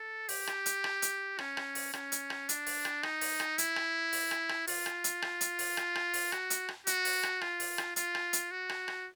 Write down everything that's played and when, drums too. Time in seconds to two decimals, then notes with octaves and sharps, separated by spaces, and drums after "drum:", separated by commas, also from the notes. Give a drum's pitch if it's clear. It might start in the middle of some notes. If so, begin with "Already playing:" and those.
Already playing: A4
0.29 G4, drum: open hi-hat
0.47 drum: rim click
0.66 drum: hi-hat
0.84 drum: rim click
1.02 drum: hi-hat
1.39 C#4, drum: rim click
1.57 drum: rim click
1.75 drum: open hi-hat
1.93 C#4, drum: rim click
2.12 drum: hi-hat
2.30 drum: rim click
2.49 D4, drum: hi-hat
2.67 drum: open hi-hat
2.85 drum: rim click
3.03 D#4, drum: rim click
3.21 drum: open hi-hat
3.40 drum: rim click
3.58 E4, drum: hi-hat
3.76 drum: rim click
4.13 drum: open hi-hat
4.31 drum: rim click
4.49 drum: rim click
4.68 F4, drum: open hi-hat
4.86 drum: rim click
5.04 drum: hi-hat
5.22 drum: rim click
5.41 drum: hi-hat
5.59 drum: open hi-hat
5.77 drum: rim click
5.95 drum: rim click
6.14 drum: open hi-hat
6.32 F#4, drum: rim click
6.50 drum: hi-hat
6.69 drum: rim click
6.87 F#4, drum: hi-hat
7.05 drum: open hi-hat
7.23 drum: rim click
7.41 F4, drum: rim click
7.60 drum: open hi-hat
7.78 drum: rim click
7.96 F4, drum: hi-hat
8.15 drum: rim click
8.33 drum: hi-hat
8.51 F#4
8.69 drum: rim click
8.88 drum: rim click